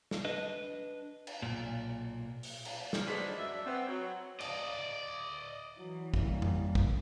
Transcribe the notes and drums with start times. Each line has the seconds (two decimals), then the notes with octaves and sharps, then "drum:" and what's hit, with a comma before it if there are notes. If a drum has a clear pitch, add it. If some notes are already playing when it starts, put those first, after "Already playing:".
0.11 drum: snare
0.25 D4 B4 D#5
1.27 drum: cymbal
1.42 B1 A#2
2.43 drum: open hi-hat
2.65 drum: cymbal
2.93 G3 A#3 G#4, drum: snare
3.06 F3 A#3 D4 D#4 G#4 B4
3.38 F#2 A2 D4 E5
3.65 B3 C4
3.87 F#3
4.40 D5 D#5, drum: cymbal
5.78 E3 F#3
6.14 G3 A#3 C#4, drum: kick
6.42 drum: tom F2
6.75 drum: kick